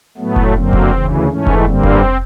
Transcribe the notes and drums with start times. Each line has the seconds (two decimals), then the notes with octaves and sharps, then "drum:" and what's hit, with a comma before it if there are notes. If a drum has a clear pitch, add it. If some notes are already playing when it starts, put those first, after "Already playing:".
0.18 A2 F#3 A3 B3
0.36 drum: kick F1
0.54 F#2 D3 F#3 A#3 C4
0.73 drum: kick F1
0.91 D2 C#3 E3
1.28 G#2 E3 A3 C#4
1.47 drum: kick F1
1.65 G2 D3 G3 A#3 C4
1.83 drum: kick F1